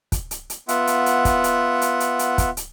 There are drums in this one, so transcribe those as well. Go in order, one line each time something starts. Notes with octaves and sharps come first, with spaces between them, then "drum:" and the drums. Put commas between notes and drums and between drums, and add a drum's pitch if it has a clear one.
drum: kick, hi-hat
drum: hi-hat
drum: hi-hat
B3 F4 E5 F#5, drum: hi-hat
drum: hi-hat
drum: hi-hat
drum: kick, hi-hat
drum: hi-hat
drum: hi-hat
drum: hi-hat
drum: hi-hat
drum: kick, hi-hat
drum: hi-hat